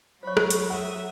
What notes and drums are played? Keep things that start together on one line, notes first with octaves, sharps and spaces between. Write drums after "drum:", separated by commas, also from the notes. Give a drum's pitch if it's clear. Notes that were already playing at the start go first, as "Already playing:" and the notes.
F#3 C5 C#5 B5 C#6
drum: rim click
drum: hi-hat
E5 F#5 D#6